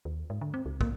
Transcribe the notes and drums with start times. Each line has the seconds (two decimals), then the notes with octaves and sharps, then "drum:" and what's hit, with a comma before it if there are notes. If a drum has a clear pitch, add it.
0.05 D#2
0.30 G#2
0.41 D3
0.54 C4
0.66 C#2
0.81 A#3, drum: kick